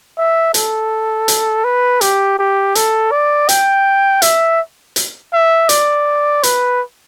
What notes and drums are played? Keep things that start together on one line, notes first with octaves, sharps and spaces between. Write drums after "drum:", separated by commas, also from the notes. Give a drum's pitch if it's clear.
E5
A4, drum: hi-hat
drum: hi-hat
B4
G4, drum: hi-hat
G4
A4, drum: hi-hat
D5
G5, drum: hi-hat
E5, drum: hi-hat
drum: hi-hat
E5
D5, drum: hi-hat
B4, drum: hi-hat